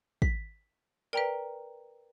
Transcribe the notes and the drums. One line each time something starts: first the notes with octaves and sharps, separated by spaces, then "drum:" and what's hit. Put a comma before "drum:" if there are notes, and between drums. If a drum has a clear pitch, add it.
B6, drum: kick
A#4 B4 D5 G5 A#5